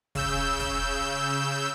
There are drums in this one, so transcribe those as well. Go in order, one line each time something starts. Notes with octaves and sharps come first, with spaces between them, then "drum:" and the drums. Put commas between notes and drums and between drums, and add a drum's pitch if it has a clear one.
C#3 E6 G6, drum: kick, hi-hat
drum: kick, hi-hat